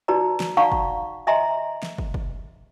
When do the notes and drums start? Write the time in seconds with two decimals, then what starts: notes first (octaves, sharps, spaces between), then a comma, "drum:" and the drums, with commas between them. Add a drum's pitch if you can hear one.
0.08 D#4 F#4 B4 D5 A#5
0.40 drum: snare
0.57 D#4 D5 F5 F#5 A#5 C#6
0.72 drum: kick
1.27 D#5 E5 G#5 A#5 C6
1.83 drum: snare
1.98 drum: kick
2.14 drum: kick